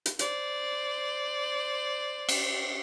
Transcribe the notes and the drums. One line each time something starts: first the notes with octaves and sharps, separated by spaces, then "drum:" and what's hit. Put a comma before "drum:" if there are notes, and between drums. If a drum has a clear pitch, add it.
drum: hi-hat
C5 D5, drum: hi-hat
drum: cymbal